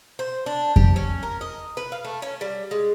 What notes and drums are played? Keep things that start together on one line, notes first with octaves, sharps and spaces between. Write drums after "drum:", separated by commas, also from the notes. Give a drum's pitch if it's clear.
C5
D4
G4, drum: kick F2
C#4
A#4
D#5
B4
F5
A3
C#4
G3
G#3